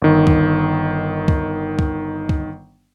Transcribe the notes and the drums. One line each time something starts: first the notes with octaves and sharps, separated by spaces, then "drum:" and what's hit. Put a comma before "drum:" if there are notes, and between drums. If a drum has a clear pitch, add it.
G1 D#3
drum: kick
drum: kick
drum: kick
drum: kick